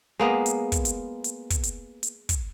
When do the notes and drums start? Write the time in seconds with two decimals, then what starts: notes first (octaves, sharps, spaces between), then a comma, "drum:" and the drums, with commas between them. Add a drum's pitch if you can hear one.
0.19 G#3 A#3 B3
0.46 drum: hi-hat
0.72 drum: kick, hi-hat
0.85 drum: hi-hat
1.24 drum: hi-hat
1.50 drum: kick, hi-hat
1.63 drum: hi-hat
2.03 drum: hi-hat
2.29 drum: kick, hi-hat